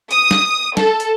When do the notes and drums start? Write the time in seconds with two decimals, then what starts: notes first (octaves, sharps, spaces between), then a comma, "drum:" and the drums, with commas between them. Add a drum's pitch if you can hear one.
0.11 D#6, drum: hi-hat
0.31 drum: snare
0.77 A4, drum: snare
1.00 drum: hi-hat